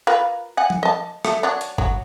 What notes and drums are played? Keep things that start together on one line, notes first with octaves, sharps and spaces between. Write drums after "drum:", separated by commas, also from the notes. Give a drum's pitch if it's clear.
F4 A#4 B4
F#5 G#5
drum: tom F3
D#5 A5
A3, drum: rim click
F#3 D4
drum: hi-hat
F#3, drum: kick G1